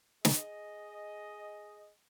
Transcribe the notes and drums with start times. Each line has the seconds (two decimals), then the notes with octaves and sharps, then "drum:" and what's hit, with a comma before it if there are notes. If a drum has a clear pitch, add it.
0.25 G#4 D#5, drum: snare